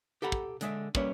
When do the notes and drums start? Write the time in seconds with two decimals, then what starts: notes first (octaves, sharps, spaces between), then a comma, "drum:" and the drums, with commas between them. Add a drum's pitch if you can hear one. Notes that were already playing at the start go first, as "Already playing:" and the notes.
0.22 G4 A4 F#5 A#5 B5
0.32 drum: kick
0.61 D3 G#3 E5, drum: hi-hat
0.95 G3 A#3 C#4 B4 C#5 E5, drum: kick